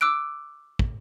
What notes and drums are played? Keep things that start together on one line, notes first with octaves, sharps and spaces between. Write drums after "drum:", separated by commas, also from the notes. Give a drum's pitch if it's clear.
D6 E6 F#6 D7
drum: kick